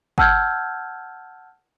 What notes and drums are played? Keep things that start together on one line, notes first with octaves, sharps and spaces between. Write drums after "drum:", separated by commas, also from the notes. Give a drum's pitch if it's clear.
F#5 A5 E6 F6 G6 G#6, drum: kick G1